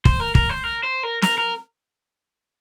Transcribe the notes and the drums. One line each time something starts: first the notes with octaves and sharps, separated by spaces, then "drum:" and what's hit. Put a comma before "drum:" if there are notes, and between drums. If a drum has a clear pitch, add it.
C5, drum: kick
A#4
A#4, drum: kick
C5
A#4
C5
A#4
A#4, drum: snare
A#4